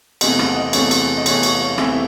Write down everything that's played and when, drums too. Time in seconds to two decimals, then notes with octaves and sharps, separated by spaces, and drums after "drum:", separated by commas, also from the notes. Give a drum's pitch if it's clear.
0.21 E2 C3 E3 A3 C4 D#5, drum: cymbal
0.39 F#5, drum: rim click
0.56 D#5
0.73 E2 C3 E3 A3 C4 C#5, drum: cymbal
0.91 drum: cymbal
1.17 D#5
1.26 E2 C3 E3 A3 C4 C#5, drum: cymbal
1.43 C#5, drum: cymbal
1.61 C#5
1.78 E2 C3 E3 A3 C4 E5, drum: rim click